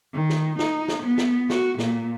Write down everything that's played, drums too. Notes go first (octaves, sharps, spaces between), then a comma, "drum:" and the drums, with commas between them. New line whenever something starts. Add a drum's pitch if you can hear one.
D#3
drum: snare
D#4, drum: snare
drum: snare
B3
drum: snare
F#4, drum: snare
A#2, drum: snare